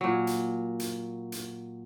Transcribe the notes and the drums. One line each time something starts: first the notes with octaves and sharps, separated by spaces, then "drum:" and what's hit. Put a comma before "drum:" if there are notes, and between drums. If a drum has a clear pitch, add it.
A#2 F#3
drum: hi-hat
drum: hi-hat
drum: hi-hat